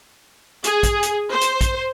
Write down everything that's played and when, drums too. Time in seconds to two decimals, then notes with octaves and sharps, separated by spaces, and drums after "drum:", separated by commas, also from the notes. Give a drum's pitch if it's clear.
0.64 G#4, drum: hi-hat
0.83 drum: kick, hi-hat
1.03 drum: hi-hat
1.31 C5
1.41 drum: hi-hat
1.61 drum: kick, hi-hat